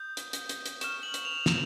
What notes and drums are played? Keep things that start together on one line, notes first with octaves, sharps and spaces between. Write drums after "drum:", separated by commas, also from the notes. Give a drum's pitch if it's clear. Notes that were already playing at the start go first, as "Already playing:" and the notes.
Already playing: D#6 G6
drum: hi-hat
drum: hi-hat
drum: hi-hat
drum: hi-hat
C#6 F6 E7, drum: hi-hat
F#7
drum: hi-hat
F7
E7, drum: snare